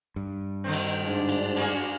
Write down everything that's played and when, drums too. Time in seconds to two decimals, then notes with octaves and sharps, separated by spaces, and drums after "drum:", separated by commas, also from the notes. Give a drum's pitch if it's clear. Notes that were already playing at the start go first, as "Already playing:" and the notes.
0.16 G2
0.64 D3 D#3 C4
0.73 drum: cymbal
1.04 G#2 D4
1.29 drum: cymbal
1.57 A#3 F#4 G#4, drum: cymbal